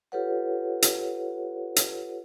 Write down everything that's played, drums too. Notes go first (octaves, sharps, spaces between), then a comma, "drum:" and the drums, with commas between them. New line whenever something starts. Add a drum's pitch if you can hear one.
F4 G4 A4 B4 C#5 F#5
drum: hi-hat
drum: hi-hat